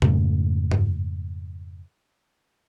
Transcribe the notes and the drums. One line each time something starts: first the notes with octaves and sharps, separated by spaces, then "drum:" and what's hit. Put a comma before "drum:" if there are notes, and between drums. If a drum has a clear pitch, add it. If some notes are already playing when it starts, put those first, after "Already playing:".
F2 G#2 C#3 A3, drum: tom B2
drum: tom G2